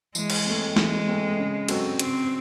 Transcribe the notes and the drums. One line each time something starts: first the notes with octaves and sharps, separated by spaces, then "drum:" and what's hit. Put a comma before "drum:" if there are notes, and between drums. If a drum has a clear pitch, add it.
E3 G#3, drum: tambourine
drum: cymbal
A3 C4
E3 G#3, drum: snare
A3 C4
C#3
F#3 C4 F#4 A4, drum: cymbal
C#3 C4, drum: hi-hat